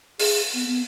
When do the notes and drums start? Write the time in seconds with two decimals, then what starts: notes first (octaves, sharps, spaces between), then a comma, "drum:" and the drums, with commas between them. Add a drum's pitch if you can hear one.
0.19 G#4, drum: open hi-hat
0.54 B3
0.67 B3